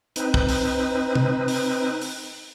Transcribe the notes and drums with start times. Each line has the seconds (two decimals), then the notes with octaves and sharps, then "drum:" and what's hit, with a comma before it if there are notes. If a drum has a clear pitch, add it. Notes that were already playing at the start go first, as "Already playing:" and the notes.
0.16 C4 D#4 B4, drum: hi-hat
0.34 drum: kick
0.49 drum: open hi-hat
1.15 drum: tom C3
1.48 drum: open hi-hat
2.01 drum: open hi-hat